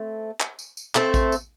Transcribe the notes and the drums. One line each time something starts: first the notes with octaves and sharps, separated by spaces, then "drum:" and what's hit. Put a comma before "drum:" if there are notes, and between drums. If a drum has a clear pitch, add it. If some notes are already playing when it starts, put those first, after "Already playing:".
Already playing: A3 C4
drum: clap
drum: tambourine
drum: tambourine
A3 C4, drum: clap
drum: kick A1, tambourine
drum: tambourine